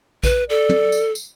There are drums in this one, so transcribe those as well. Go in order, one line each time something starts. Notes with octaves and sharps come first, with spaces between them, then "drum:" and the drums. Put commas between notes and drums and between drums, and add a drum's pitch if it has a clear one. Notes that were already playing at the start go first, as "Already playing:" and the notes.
B4, drum: kick A#1, tambourine
A4 D5
drum: tom
drum: tambourine
drum: tambourine